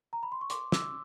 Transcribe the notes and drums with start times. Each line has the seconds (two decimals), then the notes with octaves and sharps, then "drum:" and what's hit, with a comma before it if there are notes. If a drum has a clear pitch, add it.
0.13 A#5
0.23 B5
0.32 C6
0.41 C#6
0.50 C6 D6, drum: hi-hat
0.72 D6 E6, drum: snare